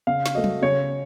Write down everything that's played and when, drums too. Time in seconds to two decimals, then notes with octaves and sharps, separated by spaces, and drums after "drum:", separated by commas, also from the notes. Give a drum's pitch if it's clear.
0.07 C#3 F5
0.26 drum: snare
0.35 F#3 A3 D#5
0.44 drum: tom F#3
0.62 C#3 C#5